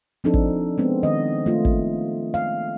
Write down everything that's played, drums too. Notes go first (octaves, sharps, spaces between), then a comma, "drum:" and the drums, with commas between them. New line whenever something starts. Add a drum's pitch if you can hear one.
F3 C4 D4 D#4 A4
drum: kick
G#3 B3 C4
D#3 D#5
A3 A#3 F4
drum: kick
F5